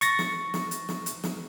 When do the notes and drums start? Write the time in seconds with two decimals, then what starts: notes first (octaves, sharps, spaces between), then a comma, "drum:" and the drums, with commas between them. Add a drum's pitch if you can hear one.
0.01 C#6 A6 A#6, drum: hi-hat
0.19 drum: snare
0.54 drum: snare
0.71 drum: hi-hat
0.89 drum: snare
1.06 drum: hi-hat
1.24 drum: snare